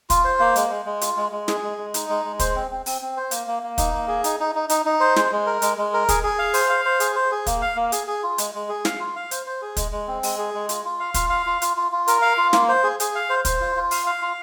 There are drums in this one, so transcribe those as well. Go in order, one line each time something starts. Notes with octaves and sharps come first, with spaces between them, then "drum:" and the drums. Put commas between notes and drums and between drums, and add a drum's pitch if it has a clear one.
F4, drum: kick, hi-hat
C5
A#3
G#3, drum: hi-hat
G#3
G#3
F4, drum: hi-hat
G#3
G#3
G#4, drum: snare
G#3
G#3
D#4, drum: hi-hat
G#3
G#3
C5, drum: kick, hi-hat
C4
C4
C4, drum: open hi-hat
C4
C5
A#3, drum: hi-hat
A#3
A#3
D#4, drum: kick, hi-hat
A#3
G#4
D#4, drum: hi-hat
D#4
D#4
D#4, drum: hi-hat
D#4
C5
G#3, drum: snare
G#3
A#4
G#3, drum: hi-hat
G#3
A#4
G#4, drum: kick, hi-hat
G#4
F5
C5, drum: open hi-hat
F5
C5
G#4, drum: hi-hat
C5
G#4
A#3, drum: kick, hi-hat
F5
A#3
G#4, drum: hi-hat
G#4
F4
G#3, drum: hi-hat
G#3
G#4
F5, drum: snare
F4
F5
C5, drum: hi-hat
C5
G#4
G#3, drum: kick, hi-hat
G#3
C4
G#3, drum: open hi-hat
G#4
G#3
F4, drum: hi-hat
F4
F5
F4, drum: kick, hi-hat
F5
F4
F4, drum: hi-hat
F4
F4
A#4, drum: hi-hat
F5
F4
A#3, drum: snare
C5
G#4
G#4, drum: hi-hat
F5
C5
C5, drum: kick, hi-hat
F4
F4
F5, drum: open hi-hat
F5
F4